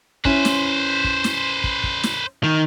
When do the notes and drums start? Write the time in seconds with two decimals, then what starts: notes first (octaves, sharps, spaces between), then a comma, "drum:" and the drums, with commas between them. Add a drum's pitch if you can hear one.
0.25 C#4 E4 B4 C5, drum: kick
0.45 drum: snare
1.04 drum: kick
1.24 drum: snare
1.64 drum: kick
1.84 drum: kick
2.03 drum: snare
2.44 D#3